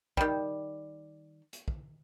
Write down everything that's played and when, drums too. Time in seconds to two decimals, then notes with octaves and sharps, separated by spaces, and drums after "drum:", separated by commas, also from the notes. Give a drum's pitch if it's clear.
0.17 D#3 G3, drum: kick
1.53 drum: hi-hat
1.68 drum: kick